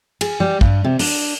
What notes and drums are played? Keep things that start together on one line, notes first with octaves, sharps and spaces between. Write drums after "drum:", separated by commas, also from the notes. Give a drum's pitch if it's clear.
G#4, drum: cymbal
G3
G2, drum: kick
C3
D4, drum: open hi-hat